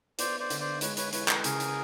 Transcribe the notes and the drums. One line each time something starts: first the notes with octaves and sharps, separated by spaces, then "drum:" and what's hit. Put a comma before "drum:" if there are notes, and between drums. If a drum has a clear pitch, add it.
B3 C5 D5, drum: hi-hat
C5 D5
D3, drum: hi-hat
C5 D5
G#3 B4 C#5, drum: hi-hat
B4 C#5, drum: hi-hat
E3 B4 C#5, drum: hi-hat
A4 B4, drum: clap
C#3 G#4 A#4, drum: hi-hat
drum: hi-hat